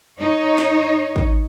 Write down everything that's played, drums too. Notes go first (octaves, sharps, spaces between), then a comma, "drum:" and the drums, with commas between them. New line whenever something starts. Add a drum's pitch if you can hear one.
D#4 C#5
drum: snare
drum: kick